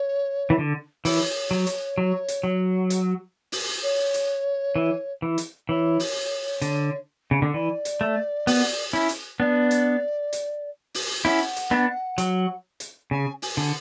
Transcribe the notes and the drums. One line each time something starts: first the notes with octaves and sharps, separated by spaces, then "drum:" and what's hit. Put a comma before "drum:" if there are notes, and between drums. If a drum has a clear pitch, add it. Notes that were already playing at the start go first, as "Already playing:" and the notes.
Already playing: C#5
E3
D3
E3 C#5, drum: open hi-hat
F#3
drum: hi-hat
F#3
drum: hi-hat
F#3
drum: hi-hat
drum: open hi-hat
C#5
drum: hi-hat
E3
E3
drum: hi-hat
E3 C#5
drum: open hi-hat
D3, drum: hi-hat
C#3
D3
E3 D5
drum: hi-hat
A3
B3, drum: open hi-hat
C#4 E4
drum: hi-hat
B3 D4 D5
drum: hi-hat
drum: hi-hat
drum: open hi-hat
C#4 E4 F#5
drum: hi-hat
B3 D4
F#3, drum: hi-hat
drum: hi-hat
C#3 G#5
G#5, drum: open hi-hat
D3